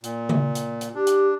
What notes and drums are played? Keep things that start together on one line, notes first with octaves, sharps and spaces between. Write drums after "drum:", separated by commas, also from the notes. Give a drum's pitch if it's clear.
A#2, drum: hi-hat
drum: tom C#3
drum: hi-hat
drum: hi-hat
D4 G4
drum: hi-hat